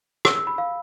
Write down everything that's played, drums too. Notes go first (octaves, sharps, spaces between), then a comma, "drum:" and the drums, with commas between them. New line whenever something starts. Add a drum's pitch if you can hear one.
E6, drum: rim click
E6
B5
F5